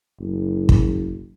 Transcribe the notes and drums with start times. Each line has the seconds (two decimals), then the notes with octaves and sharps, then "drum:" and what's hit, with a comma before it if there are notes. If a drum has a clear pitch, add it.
0.20 F#1
0.69 drum: kick